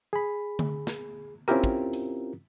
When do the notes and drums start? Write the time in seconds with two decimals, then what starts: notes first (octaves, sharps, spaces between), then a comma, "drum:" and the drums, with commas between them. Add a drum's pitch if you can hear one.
0.13 G#4 B5
0.59 drum: tom D3
0.87 drum: snare
1.48 C4 C#4 E4 F4 G4 A#4, drum: rim click
1.64 drum: kick
1.93 drum: hi-hat